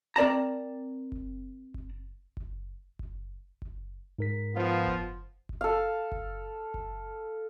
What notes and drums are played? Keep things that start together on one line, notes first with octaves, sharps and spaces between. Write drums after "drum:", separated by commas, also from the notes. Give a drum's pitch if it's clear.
C4 A#4 D5 A5 A#5
drum: kick F#1
drum: kick F#1
drum: kick F#1
drum: kick F#1
drum: kick F#1
G#2 A#4 B6
F3 B3 F4
drum: kick F#1
drum: kick F#1
A4 F5
drum: kick F#1
drum: kick F#1